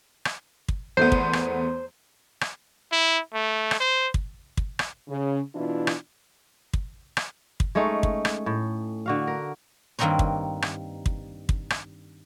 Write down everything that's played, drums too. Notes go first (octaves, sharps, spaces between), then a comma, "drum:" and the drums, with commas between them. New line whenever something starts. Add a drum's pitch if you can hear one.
drum: rim click
drum: kick
E2 A3 B3 C5
drum: kick
drum: rim click
drum: rim click
E4
A3
drum: rim click
C5
drum: kick
drum: kick
drum: rim click
C#3
B2 E3 D4 E4 F4
drum: rim click
drum: kick
drum: rim click
drum: kick
G#3 A3 C#4 D#4
drum: kick
drum: rim click
A2
D3 F#4 F5
A#4
G2 D#3 A#3 C4 D#4 C#5
drum: kick
drum: rim click
drum: kick
drum: kick
drum: rim click